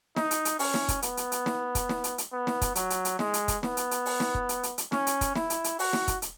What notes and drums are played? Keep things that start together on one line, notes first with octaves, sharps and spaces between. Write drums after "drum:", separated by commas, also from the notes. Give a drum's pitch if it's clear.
D#4, drum: snare
drum: hi-hat
drum: hi-hat
C#4, drum: open hi-hat
drum: snare
drum: kick, hi-hat
B3, drum: hi-hat
drum: hi-hat
drum: hi-hat
drum: snare
drum: kick, hi-hat
drum: snare
drum: hi-hat
drum: hi-hat
B3
drum: snare
drum: kick, hi-hat
F#3, drum: hi-hat
drum: hi-hat
drum: hi-hat
G#3, drum: snare
drum: hi-hat
drum: kick, hi-hat
B3, drum: snare
drum: hi-hat
drum: hi-hat
drum: open hi-hat
drum: snare
drum: kick
drum: hi-hat
drum: hi-hat
drum: hi-hat
C#4, drum: snare
drum: hi-hat
drum: kick, hi-hat
E4, drum: snare
drum: hi-hat
drum: hi-hat
F#4, drum: open hi-hat
drum: snare
drum: kick, hi-hat
drum: hi-hat